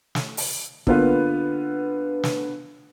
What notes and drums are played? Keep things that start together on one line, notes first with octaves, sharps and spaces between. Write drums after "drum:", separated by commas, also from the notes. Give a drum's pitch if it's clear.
drum: snare
drum: open hi-hat
D3 A#3 B3 F4 B4, drum: kick
drum: snare